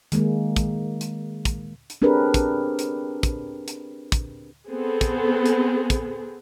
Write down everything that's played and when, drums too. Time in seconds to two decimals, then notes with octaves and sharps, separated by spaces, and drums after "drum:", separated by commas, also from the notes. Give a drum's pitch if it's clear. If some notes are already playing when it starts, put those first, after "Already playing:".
0.12 D#3 G#3 A#3, drum: hi-hat
0.56 drum: kick, hi-hat
1.01 drum: hi-hat
1.45 drum: kick, hi-hat
1.90 drum: hi-hat
2.02 C4 D4 G4 G#4 A#4 B4
2.34 drum: kick, hi-hat
2.79 drum: hi-hat
3.23 drum: kick, hi-hat
3.68 drum: hi-hat
4.12 drum: kick, hi-hat
4.70 B3 C4 G#4 A4
5.01 drum: kick, hi-hat
5.46 drum: hi-hat
5.90 drum: kick, hi-hat